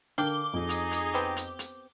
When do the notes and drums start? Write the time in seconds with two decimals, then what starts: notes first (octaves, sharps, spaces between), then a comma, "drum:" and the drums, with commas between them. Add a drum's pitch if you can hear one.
0.18 D3 D4 A#4 F5 G5 D6 G7
0.53 F2 D#4 G#4
0.69 drum: hi-hat
0.92 drum: hi-hat
1.14 B3 C4 G4
1.36 drum: hi-hat
1.59 drum: hi-hat